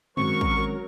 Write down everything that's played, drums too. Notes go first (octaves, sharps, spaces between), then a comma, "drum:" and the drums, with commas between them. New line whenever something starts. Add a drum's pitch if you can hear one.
D#3 F#3 G#3 C4 C#4 A#4 C#6, drum: tom F#2
drum: kick